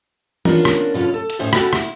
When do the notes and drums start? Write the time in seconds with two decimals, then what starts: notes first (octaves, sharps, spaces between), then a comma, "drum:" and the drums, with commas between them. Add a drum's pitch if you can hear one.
0.45 B3 C#4 D4 F4 A#4, drum: tom E3
0.65 drum: rim click
0.94 B2 D3 C#4 F4
1.14 A4
1.30 drum: hi-hat
1.39 A2 C#4 D#4 C5 E5
1.53 C#4 F#4 A4 G5, drum: rim click
1.73 E4, drum: rim click